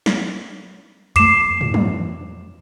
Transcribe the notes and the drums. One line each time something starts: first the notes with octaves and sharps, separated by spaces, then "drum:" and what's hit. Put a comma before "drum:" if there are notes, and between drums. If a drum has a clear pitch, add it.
drum: snare
F2 A3 D6 C7 E7, drum: hi-hat
drum: tom
drum: tom